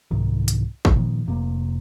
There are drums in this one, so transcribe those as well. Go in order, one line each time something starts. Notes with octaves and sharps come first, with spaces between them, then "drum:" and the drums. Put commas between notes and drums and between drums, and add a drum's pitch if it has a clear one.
C2 G#2 C3 D#3
drum: hi-hat
drum: kick
A#2 D#3 F3
F1 C3 A#3